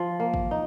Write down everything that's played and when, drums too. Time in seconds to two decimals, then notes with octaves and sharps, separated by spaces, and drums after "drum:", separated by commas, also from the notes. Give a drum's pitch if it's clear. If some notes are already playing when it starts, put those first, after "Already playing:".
Already playing: F3
0.20 A#3
0.34 drum: kick
0.51 D#4